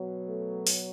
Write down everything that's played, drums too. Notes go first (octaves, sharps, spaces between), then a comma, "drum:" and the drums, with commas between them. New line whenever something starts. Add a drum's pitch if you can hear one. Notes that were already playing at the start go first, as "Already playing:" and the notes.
Already playing: B2 F#3
A3
drum: open hi-hat